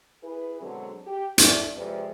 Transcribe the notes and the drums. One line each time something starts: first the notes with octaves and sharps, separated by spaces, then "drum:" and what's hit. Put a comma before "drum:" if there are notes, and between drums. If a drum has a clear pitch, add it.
E4 G#4 B4
B2 D3 F#3 G#3 C4
G4
D4 E4 A4 D5, drum: hi-hat
F2 C3 G#3 B4 D5